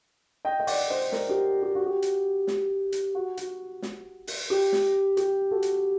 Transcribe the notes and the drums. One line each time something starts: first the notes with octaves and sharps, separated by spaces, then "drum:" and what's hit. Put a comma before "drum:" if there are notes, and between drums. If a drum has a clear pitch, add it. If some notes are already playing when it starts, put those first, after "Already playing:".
D#5 G5
D#5
D5 F#5, drum: open hi-hat
C5 D#5
A#4 D5, drum: snare
G4 A#4
G4
F#4
G4
drum: hi-hat
drum: snare
drum: hi-hat
F#4
F#4, drum: hi-hat
drum: snare
drum: open hi-hat
G4
drum: snare
G4, drum: hi-hat
F#4 A4
drum: hi-hat